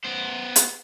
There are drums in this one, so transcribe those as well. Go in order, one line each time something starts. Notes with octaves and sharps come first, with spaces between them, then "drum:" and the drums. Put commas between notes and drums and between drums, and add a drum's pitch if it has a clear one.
B3 C5
drum: hi-hat